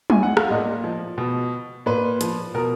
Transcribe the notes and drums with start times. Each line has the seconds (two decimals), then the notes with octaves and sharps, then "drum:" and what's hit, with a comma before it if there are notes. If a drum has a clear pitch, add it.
0.10 G#5, drum: tom F#3
0.23 F#5
0.37 F5, drum: rim click
0.50 A#2 D#5
0.84 F3
1.18 B2
1.86 A#2 B4
2.21 F3, drum: hi-hat
2.54 B2 A#4